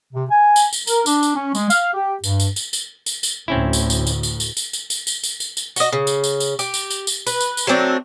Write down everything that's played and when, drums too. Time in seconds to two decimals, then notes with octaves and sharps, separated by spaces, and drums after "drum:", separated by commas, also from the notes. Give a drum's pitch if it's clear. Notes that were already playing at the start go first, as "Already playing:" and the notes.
0.14 C3
0.31 G#5
0.56 drum: tambourine
0.73 drum: tambourine
0.87 A#4, drum: tambourine
1.06 D4, drum: tambourine
1.23 drum: tambourine
1.36 C#4
1.55 G#3, drum: tambourine
1.70 F5, drum: tambourine
1.94 G4
2.24 G2, drum: tambourine
2.40 drum: tambourine
2.56 drum: tambourine
2.73 drum: tambourine
3.06 drum: tambourine
3.23 drum: tambourine
3.48 D2 A2 C4 C#4 E4
3.73 drum: tambourine
3.90 drum: tambourine
4.07 drum: tambourine
4.23 drum: tambourine
4.40 drum: tambourine
4.57 drum: tambourine
4.73 drum: tambourine
4.90 drum: tambourine
5.07 drum: tambourine
5.23 drum: tambourine
5.40 drum: tambourine
5.57 drum: tambourine
5.76 F#4 D#5, drum: tambourine
5.93 C#3
6.07 drum: tambourine
6.24 drum: tambourine
6.40 drum: tambourine
6.59 G4, drum: tambourine
6.74 drum: tambourine
6.90 drum: tambourine
7.07 drum: tambourine
7.27 B4, drum: tambourine
7.41 drum: tambourine
7.57 drum: tambourine
7.67 F#3 A3 C4 D4